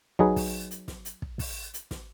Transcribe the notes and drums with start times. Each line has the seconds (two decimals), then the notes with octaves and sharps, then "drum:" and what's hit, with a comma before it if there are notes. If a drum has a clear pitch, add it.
0.19 F#3 D#4 G#4 B4, drum: kick
0.36 drum: kick, open hi-hat
0.71 drum: hi-hat
0.88 drum: snare
1.05 drum: hi-hat
1.22 drum: kick
1.39 drum: kick, open hi-hat
1.74 drum: hi-hat
1.91 drum: snare